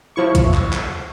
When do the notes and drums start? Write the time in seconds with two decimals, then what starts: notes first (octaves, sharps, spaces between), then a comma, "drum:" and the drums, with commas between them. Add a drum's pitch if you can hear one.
0.16 F3 E4 C#6
0.35 drum: kick B1, hi-hat
0.54 drum: clap
0.73 drum: clap